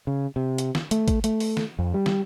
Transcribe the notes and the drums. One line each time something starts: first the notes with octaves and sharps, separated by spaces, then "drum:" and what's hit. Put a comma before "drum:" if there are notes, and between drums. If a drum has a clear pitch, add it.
C#3
C3
drum: hi-hat
drum: snare
A3, drum: hi-hat
drum: kick, hi-hat
A3, drum: hi-hat
drum: open hi-hat
drum: snare
F2
G3
drum: snare